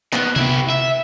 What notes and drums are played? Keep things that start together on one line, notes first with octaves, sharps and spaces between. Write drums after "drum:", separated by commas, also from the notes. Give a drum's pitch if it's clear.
B2 B3, drum: clap
E4 G4, drum: tom C3
E5